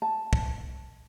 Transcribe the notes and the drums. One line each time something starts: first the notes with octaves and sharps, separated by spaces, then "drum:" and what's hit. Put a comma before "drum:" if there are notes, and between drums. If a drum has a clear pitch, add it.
A5
drum: kick